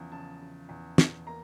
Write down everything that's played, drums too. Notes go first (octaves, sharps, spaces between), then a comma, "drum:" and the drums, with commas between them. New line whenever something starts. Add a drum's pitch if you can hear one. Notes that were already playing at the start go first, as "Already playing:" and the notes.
Already playing: E2 C#3 F3
C#3 A5
C#3
E2
E2, drum: snare
A#3 A#5